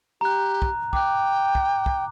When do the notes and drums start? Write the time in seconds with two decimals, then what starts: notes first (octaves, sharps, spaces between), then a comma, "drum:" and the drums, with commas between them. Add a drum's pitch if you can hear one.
0.21 G4 A#5 F#6
0.62 drum: kick
0.93 G5 D6 F#6, drum: kick
1.55 drum: kick
1.86 drum: kick